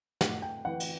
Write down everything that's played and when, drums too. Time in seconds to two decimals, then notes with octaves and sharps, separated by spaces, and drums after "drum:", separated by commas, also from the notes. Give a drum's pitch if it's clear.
0.21 A2 F#5, drum: snare
0.42 G5
0.65 E3 F#5
0.80 drum: cymbal